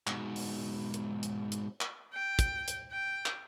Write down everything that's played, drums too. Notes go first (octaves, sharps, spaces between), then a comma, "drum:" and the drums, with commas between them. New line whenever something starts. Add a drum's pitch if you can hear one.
G#2 B2, drum: clap
drum: open hi-hat
drum: hi-hat
drum: hi-hat
drum: hi-hat
drum: clap
G5
drum: kick, hi-hat
drum: hi-hat
G5
drum: clap